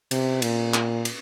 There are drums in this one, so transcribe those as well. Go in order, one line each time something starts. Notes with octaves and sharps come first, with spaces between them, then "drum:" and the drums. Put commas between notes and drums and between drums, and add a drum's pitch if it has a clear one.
C3, drum: cymbal
A#2, drum: cymbal
drum: clap
drum: cymbal